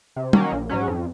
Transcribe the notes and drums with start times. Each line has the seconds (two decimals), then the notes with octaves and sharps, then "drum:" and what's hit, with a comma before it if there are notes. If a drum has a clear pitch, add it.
0.16 C3
0.33 D#3 F#3 A#3 C#4, drum: tom
0.52 A#1
0.69 G#2 F#3 C#4
0.88 F2